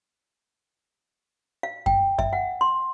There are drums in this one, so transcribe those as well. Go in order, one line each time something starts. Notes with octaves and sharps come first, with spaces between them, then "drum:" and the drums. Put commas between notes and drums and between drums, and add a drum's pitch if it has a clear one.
F5
G5, drum: kick F#2
E5, drum: kick F#2
F#5
C6